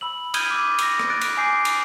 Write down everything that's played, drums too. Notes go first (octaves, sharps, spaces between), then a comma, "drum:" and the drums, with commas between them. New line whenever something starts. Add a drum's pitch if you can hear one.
B5 E6 F#7
D#6 F6 G6 G#6 D#7 G7, drum: cymbal
D6 E6
E6 A#6, drum: cymbal
drum: rim click
F#6 A6 D7
drum: cymbal
G#5 D6 D#6 G6 C7 D7
drum: cymbal